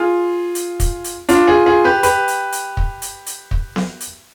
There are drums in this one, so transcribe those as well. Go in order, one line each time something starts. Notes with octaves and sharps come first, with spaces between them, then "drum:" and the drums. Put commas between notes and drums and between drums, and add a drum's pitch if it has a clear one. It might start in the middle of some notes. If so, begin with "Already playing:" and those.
Already playing: F4 G#4
drum: hi-hat
drum: kick, hi-hat
drum: hi-hat
D4 F4, drum: hi-hat
F4 G#4
F4 G#4
G4 B4
G4 B4, drum: hi-hat
drum: hi-hat
drum: hi-hat
drum: kick
drum: hi-hat
drum: hi-hat
drum: kick
drum: snare B3
drum: hi-hat